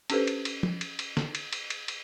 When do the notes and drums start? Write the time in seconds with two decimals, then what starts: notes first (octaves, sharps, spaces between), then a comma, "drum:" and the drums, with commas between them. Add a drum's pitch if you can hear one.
0.10 C#4 D4 G4 A4 B4 C5, drum: cymbal
0.27 drum: cymbal
0.45 drum: cymbal
0.63 drum: tom
0.81 drum: cymbal
0.99 drum: cymbal
1.17 drum: snare
1.35 drum: cymbal
1.53 drum: cymbal
1.70 drum: cymbal
1.88 drum: cymbal